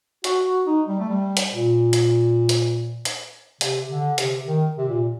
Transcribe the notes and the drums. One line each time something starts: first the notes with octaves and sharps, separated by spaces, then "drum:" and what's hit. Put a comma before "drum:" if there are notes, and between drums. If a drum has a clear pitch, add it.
F#4, drum: hi-hat
F#4
D#4
G3
A3
G3
drum: hi-hat
A#2
drum: hi-hat
drum: hi-hat
drum: hi-hat
C3, drum: hi-hat
D3
C3, drum: hi-hat
D#3
C3
A#2